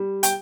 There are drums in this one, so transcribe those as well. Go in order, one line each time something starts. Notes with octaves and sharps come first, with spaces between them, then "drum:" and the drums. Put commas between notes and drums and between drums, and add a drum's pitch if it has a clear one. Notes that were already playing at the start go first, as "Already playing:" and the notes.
Already playing: G3
G5, drum: hi-hat